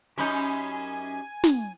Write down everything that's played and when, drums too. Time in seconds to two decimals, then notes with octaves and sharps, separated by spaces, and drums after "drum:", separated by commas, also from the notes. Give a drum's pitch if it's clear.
0.18 F#2 C#4 D#4 G4 G#5 B5 G6
1.44 drum: snare